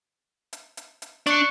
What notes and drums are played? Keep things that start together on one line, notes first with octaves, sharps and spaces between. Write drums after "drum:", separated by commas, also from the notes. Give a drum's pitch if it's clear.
drum: hi-hat
drum: hi-hat
drum: hi-hat
D4 C#6 F#6 C#7, drum: hi-hat